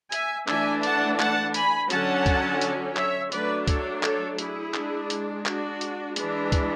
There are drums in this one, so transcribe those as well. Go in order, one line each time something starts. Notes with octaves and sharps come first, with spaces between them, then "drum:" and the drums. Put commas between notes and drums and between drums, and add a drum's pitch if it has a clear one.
E5 G#5, drum: hi-hat
E3 A3 D4 E5 G#5, drum: clap
F#5 A5, drum: hi-hat
F#5 A5, drum: clap
G#5 B5, drum: hi-hat
D3 F#3 C#4 F#5 A5, drum: hi-hat
drum: kick C#2, hi-hat
drum: hi-hat
C#5 E5, drum: clap
F#3 A3 D4 B4 D5, drum: hi-hat
A4 C#5, drum: kick C#2, hi-hat
A4 C#5, drum: clap
E4 G#4, drum: hi-hat
G#3 D4, drum: clap
drum: hi-hat
D4 F#4, drum: clap
drum: hi-hat
E3 G#3 D4, drum: hi-hat
drum: kick C#2, hi-hat